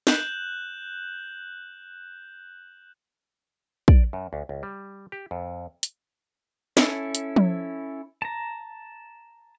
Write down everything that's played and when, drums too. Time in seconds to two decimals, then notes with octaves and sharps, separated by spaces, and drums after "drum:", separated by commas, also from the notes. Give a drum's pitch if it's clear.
0.07 F#6 G6 E7 F#7, drum: snare
3.88 D5, drum: kick
4.13 F#2
4.33 D2
4.49 C#2
4.63 G3
5.12 G4
5.31 F2
5.83 drum: hi-hat
6.77 C#4 E4 A4, drum: snare
7.15 drum: hi-hat
7.36 drum: tom F3
8.22 A5 A#5